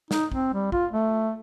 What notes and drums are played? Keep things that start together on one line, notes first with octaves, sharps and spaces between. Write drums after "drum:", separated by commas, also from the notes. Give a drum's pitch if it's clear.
D#4, drum: snare
C4, drum: kick
G3
F4, drum: kick
A3